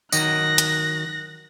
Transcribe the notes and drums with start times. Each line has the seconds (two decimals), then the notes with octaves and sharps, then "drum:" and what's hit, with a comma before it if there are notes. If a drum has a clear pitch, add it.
0.12 D#3 F#3 D#5 F#6 A#6, drum: tambourine
0.58 drum: hi-hat